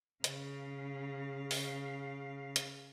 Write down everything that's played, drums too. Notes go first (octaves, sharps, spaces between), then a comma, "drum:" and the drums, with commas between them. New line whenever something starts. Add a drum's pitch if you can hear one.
C#3 F5, drum: hi-hat
drum: open hi-hat
drum: hi-hat